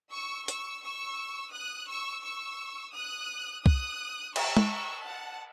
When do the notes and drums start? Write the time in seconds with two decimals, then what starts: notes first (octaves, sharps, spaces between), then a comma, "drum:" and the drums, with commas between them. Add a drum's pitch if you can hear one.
0.13 C#6 E6
0.48 C#6 E6, drum: hi-hat
0.83 C#6 E6
1.54 D#6 F#6
1.90 C#6 E6
2.24 C#6 E6
2.95 D#6 F#6
3.66 D#6 F#6, drum: kick C2
4.36 C#6 E6, drum: cymbal
4.57 drum: tom
5.05 F#5 A5